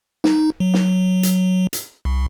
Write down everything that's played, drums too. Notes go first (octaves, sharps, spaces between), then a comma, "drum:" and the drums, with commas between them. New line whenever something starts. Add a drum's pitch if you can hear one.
D#4, drum: snare
F#3
drum: snare
drum: hi-hat
drum: hi-hat
C2